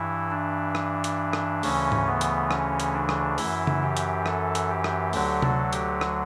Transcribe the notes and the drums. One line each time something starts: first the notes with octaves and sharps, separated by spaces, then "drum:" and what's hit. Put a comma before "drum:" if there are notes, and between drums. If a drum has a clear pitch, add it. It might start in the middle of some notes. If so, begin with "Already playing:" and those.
Already playing: G2 E3 E4
D4
drum: rim click
drum: hi-hat
drum: rim click
D2 C#3 E3 C#4, drum: open hi-hat
drum: tom G#2
B3
drum: hi-hat
C#4, drum: rim click
drum: hi-hat
D4
drum: rim click
F#2 E3 E4, drum: open hi-hat
drum: tom C#3
G4
drum: hi-hat
A4, drum: rim click
drum: hi-hat
G4
drum: rim click
D2 D3 F#3 G4, drum: open hi-hat
A4, drum: tom C3
G4, drum: hi-hat
drum: rim click